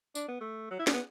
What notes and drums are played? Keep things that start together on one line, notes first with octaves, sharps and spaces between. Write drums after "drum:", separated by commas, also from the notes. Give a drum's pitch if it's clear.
D4, drum: tambourine
B3
A3
F#3
E4
D4, drum: snare
B3